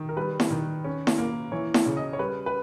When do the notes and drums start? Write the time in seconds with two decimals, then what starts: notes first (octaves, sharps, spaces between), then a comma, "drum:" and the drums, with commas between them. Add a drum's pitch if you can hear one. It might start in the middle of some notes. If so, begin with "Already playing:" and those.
Already playing: D#3
0.09 A#4
0.17 G3 B4
0.40 drum: snare E4
0.51 D#3
0.84 C#4
1.07 drum: snare E4
1.18 A#3
1.52 E3 C#5
1.74 drum: snare E4
1.86 C#3
1.97 D#5
2.13 C#5
2.19 G3 B4
2.46 B4